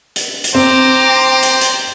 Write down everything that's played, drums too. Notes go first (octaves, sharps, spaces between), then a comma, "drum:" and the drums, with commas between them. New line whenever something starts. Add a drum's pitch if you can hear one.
drum: hi-hat
drum: hi-hat
C4 C5 G5 A#5 D6
drum: hi-hat
drum: hi-hat